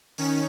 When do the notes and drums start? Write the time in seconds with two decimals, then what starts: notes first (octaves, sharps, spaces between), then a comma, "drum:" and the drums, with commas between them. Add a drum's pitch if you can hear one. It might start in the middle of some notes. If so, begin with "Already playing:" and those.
0.18 D#3 C#4, drum: open hi-hat